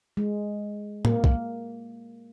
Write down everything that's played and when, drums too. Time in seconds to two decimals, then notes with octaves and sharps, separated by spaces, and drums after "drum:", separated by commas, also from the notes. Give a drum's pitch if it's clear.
0.17 G#3
1.05 A#3, drum: tom A2
1.24 drum: kick